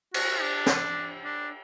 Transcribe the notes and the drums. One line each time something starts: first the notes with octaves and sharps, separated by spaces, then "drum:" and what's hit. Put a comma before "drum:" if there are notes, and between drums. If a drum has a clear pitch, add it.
F#4, drum: cymbal
D4
drum: snare
D4